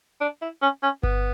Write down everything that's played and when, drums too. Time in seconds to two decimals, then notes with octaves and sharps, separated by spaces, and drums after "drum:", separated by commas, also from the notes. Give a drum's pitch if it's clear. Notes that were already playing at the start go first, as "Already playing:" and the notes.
0.21 D4
0.42 E4
0.62 C#4
0.83 C#4
1.03 B3, drum: kick G1